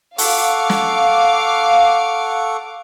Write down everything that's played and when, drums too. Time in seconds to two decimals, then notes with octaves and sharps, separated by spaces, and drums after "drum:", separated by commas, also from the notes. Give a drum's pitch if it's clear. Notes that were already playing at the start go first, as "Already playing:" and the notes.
0.18 A4 F5 F#5 C#6 D6, drum: open hi-hat
0.69 drum: snare